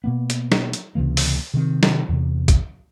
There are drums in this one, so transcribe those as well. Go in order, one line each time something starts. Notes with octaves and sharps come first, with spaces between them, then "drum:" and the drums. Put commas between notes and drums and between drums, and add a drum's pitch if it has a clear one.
B2 A#3 B3
drum: hi-hat
drum: snare
drum: hi-hat
C#2 C3 E3 A#3
drum: open hi-hat
C3 D#3 C4
drum: snare
E2 C3
drum: kick A#1, hi-hat